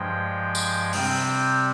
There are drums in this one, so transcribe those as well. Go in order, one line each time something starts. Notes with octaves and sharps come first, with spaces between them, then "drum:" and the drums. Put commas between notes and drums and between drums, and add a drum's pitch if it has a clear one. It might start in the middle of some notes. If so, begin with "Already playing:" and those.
Already playing: G2 F3 G#3 G5
drum: tambourine
C3 G3 C4 G5, drum: open hi-hat